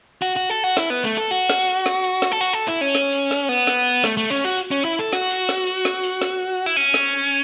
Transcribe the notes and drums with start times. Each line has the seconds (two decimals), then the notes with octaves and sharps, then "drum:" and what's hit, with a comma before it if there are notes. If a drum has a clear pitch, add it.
0.22 F#4, drum: open hi-hat
0.36 F#4
0.50 A4
0.64 F#4
0.77 E4, drum: snare
0.90 B3
1.04 A3
1.18 A4
1.31 F#4, drum: hi-hat
1.50 drum: snare
1.68 drum: open hi-hat
1.86 drum: snare
2.04 drum: hi-hat
2.22 drum: snare
2.32 A4
2.41 F#4, drum: open hi-hat
2.53 A4
2.68 E4
2.81 C#4
2.95 drum: snare
3.13 drum: open hi-hat
3.31 drum: snare
3.49 B3, drum: hi-hat
3.67 drum: snare
4.04 A3, drum: snare
4.17 A3
4.30 C#4
4.44 F#4
4.58 drum: open hi-hat
4.71 C#4
4.85 E4
4.99 A4
5.13 F#4, drum: snare
5.31 drum: open hi-hat
5.49 drum: snare
5.67 drum: hi-hat
5.85 drum: snare
6.03 drum: open hi-hat
6.21 drum: snare
6.66 E4
6.76 C#4, drum: open hi-hat
6.94 drum: snare